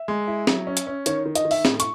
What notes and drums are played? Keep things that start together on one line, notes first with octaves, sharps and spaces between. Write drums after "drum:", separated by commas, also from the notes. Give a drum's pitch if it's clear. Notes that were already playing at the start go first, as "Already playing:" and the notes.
Already playing: E5
G#3
E4
F#3, drum: snare
C#4
drum: hi-hat
C#4
D#3 C#5, drum: hi-hat
D#3
D#5, drum: hi-hat
D#3
E5, drum: open hi-hat
A2, drum: snare
C#6, drum: hi-hat